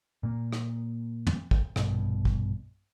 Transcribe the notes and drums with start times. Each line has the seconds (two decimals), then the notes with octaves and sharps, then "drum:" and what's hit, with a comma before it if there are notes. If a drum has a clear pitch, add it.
0.23 A#2 A#3
0.53 drum: rim click
1.27 drum: tom
1.51 drum: kick
1.76 A#1 G2 B2, drum: rim click
2.25 drum: kick